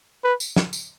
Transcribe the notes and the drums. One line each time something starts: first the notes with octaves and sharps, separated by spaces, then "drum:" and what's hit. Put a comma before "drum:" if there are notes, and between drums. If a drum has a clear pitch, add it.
B4
drum: tambourine
drum: snare
drum: tambourine